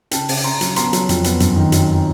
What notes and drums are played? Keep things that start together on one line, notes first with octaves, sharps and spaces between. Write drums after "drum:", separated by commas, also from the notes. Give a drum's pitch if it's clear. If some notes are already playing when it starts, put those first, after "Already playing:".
C#3 G5 A5, drum: hi-hat
C#3, drum: open hi-hat
C#3 A#5 C6
F#3, drum: hi-hat
B3 A#5 C6, drum: hi-hat
F#3, drum: hi-hat
F2, drum: hi-hat
B3, drum: hi-hat
F#2, drum: hi-hat
D#3
F#3, drum: hi-hat